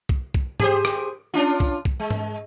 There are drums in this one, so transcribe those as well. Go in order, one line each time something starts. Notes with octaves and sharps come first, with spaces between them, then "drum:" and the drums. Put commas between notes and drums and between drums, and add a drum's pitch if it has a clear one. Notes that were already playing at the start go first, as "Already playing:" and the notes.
drum: kick B1
drum: kick B1
G4 G#4 C5, drum: tom G#2
drum: rim click
C#4 D4 F4
drum: kick B1
drum: kick B1
G#3
drum: tom G#2